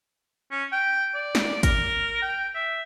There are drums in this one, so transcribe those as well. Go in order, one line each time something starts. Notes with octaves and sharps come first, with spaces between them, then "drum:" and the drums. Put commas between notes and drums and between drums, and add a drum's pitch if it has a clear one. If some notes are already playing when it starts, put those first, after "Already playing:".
C#4
G5
D5
drum: snare
A#4, drum: kick, hi-hat
G5
E5